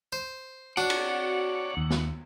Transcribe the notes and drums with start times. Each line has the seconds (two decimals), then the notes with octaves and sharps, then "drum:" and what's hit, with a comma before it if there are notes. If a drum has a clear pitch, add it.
0.12 C5
0.77 D4 F#4 C#5 D5 F#5
0.90 drum: cymbal
1.77 D#2
1.90 drum: snare